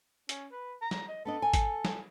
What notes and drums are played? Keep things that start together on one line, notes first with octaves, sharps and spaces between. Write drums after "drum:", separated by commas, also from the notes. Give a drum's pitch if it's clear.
C#4, drum: hi-hat
B4
A#5
drum: snare
D#5
B3 D4 A4 D#5
G#5
drum: kick G#1, hi-hat
drum: snare